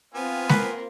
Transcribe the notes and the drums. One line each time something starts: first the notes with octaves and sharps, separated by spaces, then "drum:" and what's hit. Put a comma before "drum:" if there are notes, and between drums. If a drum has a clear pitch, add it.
B3 C4 F4 G#5 F6
A#3 B4, drum: snare